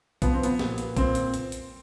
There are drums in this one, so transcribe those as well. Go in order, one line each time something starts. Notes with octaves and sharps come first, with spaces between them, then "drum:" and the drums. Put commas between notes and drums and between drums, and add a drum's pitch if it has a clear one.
F3 B3, drum: kick, hi-hat
C4
B3, drum: hi-hat
A#2, drum: snare
drum: hi-hat
A#2 C4, drum: kick, hi-hat
drum: hi-hat
drum: hi-hat
drum: hi-hat